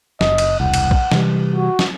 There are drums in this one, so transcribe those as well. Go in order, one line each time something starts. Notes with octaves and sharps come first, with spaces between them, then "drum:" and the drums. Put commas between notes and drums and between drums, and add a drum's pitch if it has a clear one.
F#1 D#5, drum: snare
drum: cymbal
E1 C2 F#5
drum: cymbal
drum: kick A#1
C3 E3 G3, drum: snare
F#4
drum: snare